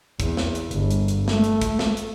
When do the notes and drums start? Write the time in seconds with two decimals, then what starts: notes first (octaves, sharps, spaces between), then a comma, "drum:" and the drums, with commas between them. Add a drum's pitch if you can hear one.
0.20 E2, drum: kick, hi-hat
0.37 drum: snare
0.55 drum: hi-hat
0.71 G1, drum: hi-hat
0.91 drum: hi-hat
1.08 drum: hi-hat
1.28 A3, drum: snare
1.44 drum: hi-hat
1.62 drum: kick, hi-hat
1.79 drum: snare
1.97 drum: hi-hat